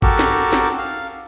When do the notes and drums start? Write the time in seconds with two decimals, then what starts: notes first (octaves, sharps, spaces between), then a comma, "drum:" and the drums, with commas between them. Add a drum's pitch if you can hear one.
0.02 F#4 G4 A4 A#4, drum: kick
0.19 drum: snare
0.53 drum: snare
0.78 F5